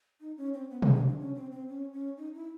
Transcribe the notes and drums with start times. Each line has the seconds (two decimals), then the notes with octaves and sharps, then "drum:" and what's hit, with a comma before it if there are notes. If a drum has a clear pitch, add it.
0.21 D#4
0.37 C#4
0.54 C4
0.70 B3
0.82 C4, drum: tom B2
0.95 D4
1.07 D4
1.20 C#4
1.35 C4
1.52 C4
1.68 C#4
1.93 C#4
2.17 D#4
2.34 E4